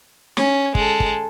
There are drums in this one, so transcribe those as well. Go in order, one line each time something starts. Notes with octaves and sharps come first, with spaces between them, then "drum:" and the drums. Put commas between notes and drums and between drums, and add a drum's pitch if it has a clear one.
C#4, drum: snare
G#3 A4, drum: kick
drum: kick